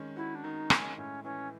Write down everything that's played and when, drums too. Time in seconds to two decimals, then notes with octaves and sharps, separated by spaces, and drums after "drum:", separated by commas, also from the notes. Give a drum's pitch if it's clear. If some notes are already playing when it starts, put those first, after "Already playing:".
Already playing: D#3 G#3 C#4
0.16 E4 F#4
0.35 D4
0.44 D#3 D#4
0.70 G#3 C#4, drum: rim click
0.97 A2 C#4
1.24 E3 C#4